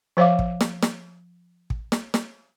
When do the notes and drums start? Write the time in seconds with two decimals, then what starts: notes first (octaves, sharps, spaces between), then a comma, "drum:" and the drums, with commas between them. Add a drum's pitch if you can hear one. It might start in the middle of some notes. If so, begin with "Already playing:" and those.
0.17 F3 C5 E5 F5 D6
0.39 drum: kick
0.61 drum: snare
0.83 drum: snare
1.70 drum: kick
1.92 drum: snare
2.14 drum: snare